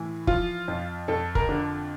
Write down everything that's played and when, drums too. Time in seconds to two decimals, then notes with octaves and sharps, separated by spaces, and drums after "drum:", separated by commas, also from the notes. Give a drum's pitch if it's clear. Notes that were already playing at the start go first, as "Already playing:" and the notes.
Already playing: A2 E3
0.27 F3 F4, drum: kick F1
0.68 F2
1.08 F2 A4
1.35 A#4, drum: kick F1
1.49 D3